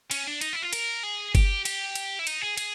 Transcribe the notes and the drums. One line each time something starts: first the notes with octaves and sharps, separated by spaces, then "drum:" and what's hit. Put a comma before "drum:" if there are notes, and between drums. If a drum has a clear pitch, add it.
C#4, drum: cymbal
D4
D#4, drum: cymbal
E4
F4
A#4, drum: cymbal
G#4
G4, drum: kick G1, cymbal
G4, drum: cymbal
drum: cymbal
E4
D#4, drum: cymbal
G#4
G#4, drum: cymbal